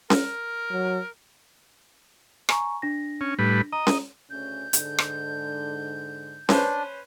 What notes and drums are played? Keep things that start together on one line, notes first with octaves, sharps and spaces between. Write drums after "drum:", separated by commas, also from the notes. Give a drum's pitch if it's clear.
A#4, drum: snare C#4
F#3
G#5 A#5 C#6, drum: rim click
D4 A#6
C#4
A2 G3 B4
D#5 A#5
drum: snare C#4
D2 C#3 C#4 G6
G#2 D3, drum: hi-hat
drum: rim click
C#4 D4 B4 C5, drum: snare C#4